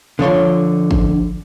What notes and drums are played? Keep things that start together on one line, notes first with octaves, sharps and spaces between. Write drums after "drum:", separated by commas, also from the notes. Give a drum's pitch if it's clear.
D3 F3 C#5 C6
drum: kick